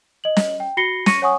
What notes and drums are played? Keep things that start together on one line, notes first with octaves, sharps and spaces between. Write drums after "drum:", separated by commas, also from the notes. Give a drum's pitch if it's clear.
D#5 F#7
drum: snare
G5
F#4 B5 A#6 C7 C#7 G7
C#6 A#6 C#7 D#7, drum: snare
C#5 F#5 G#5 C#6 D#6